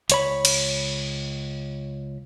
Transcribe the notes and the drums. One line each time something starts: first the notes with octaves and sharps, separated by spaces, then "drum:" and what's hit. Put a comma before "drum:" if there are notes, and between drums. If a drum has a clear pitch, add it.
C#2 C#5 B5, drum: hi-hat
drum: cymbal